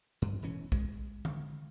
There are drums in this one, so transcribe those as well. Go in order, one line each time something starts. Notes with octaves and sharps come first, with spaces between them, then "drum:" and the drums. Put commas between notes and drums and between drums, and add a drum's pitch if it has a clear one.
G2
E1 E3 C#4
G#3, drum: kick
drum: tom D3